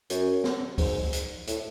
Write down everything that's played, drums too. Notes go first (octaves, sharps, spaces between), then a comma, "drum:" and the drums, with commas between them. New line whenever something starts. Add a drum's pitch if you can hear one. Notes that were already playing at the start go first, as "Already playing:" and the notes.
F#2, drum: hi-hat
drum: snare
G#2, drum: kick C#2, open hi-hat
drum: hi-hat
A2, drum: hi-hat